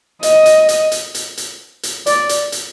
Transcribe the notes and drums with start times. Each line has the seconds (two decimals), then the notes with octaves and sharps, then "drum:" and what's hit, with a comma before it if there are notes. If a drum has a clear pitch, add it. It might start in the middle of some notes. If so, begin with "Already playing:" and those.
0.23 D#5, drum: hi-hat
0.46 drum: hi-hat
0.69 drum: hi-hat
0.92 drum: hi-hat
1.15 drum: hi-hat
1.37 drum: hi-hat
1.83 drum: hi-hat
2.06 D5, drum: hi-hat
2.29 drum: hi-hat
2.52 drum: hi-hat